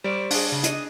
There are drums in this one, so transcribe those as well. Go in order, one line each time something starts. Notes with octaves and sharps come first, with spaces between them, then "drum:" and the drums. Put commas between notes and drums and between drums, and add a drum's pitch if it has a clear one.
G3 C5 D5
D4 G#4, drum: open hi-hat
C#3
D#5, drum: hi-hat